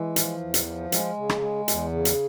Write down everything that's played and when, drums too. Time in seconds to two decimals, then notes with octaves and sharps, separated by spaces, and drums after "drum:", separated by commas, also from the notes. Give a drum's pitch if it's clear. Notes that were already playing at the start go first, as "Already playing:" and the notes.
Already playing: E3 G#3
0.16 F3, drum: hi-hat
0.41 E2
0.54 drum: hi-hat
0.66 F3
0.92 G#3, drum: hi-hat
1.17 C#3
1.29 drum: rim click
1.41 G#3
1.68 E2, drum: hi-hat
1.92 C#3
2.05 drum: hi-hat